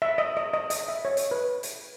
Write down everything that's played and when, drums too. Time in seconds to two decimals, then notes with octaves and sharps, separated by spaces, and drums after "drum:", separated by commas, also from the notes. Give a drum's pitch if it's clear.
0.02 E5
0.18 D#5
0.37 D#5
0.53 D#5
0.70 D#5, drum: hi-hat
0.88 E5
1.05 C#5
1.17 drum: hi-hat
1.31 B4
1.63 drum: hi-hat